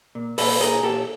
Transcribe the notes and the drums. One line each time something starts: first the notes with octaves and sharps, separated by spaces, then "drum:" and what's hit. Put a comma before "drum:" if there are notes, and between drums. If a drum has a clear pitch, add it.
A#2
A#2 A4 B4, drum: open hi-hat
A#2 G#4 A#4, drum: hi-hat
A#2 G4 A4